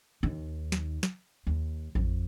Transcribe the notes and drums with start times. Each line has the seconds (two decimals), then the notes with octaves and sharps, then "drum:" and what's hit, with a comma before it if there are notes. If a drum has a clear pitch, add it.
0.23 D#2 D#3
0.72 drum: snare
1.03 drum: snare
1.47 D#2
1.95 F2, drum: kick A1